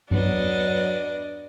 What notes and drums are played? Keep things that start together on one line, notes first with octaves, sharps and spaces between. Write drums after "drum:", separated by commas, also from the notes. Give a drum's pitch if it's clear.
F#3 B3 D4 D#5, drum: tom G2